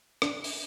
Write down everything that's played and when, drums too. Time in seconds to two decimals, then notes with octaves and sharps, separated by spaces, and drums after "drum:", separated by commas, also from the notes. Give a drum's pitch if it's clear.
0.22 D4, drum: rim click
0.44 drum: open hi-hat